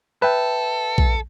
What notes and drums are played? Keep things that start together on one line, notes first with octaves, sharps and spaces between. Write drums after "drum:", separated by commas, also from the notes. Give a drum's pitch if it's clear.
A4 B4 E5 G5
drum: kick A#1